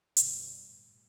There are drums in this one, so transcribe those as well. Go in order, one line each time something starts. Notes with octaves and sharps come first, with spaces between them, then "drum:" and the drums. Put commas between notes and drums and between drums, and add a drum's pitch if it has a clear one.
G1 F#2 B2 D3, drum: hi-hat
A2